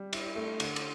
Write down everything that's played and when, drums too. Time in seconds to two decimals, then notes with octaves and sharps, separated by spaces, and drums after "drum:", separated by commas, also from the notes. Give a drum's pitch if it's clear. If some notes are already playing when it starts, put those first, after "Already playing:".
Already playing: G3
0.13 E4, drum: cymbal
0.36 A3
0.60 D3, drum: cymbal
0.76 drum: cymbal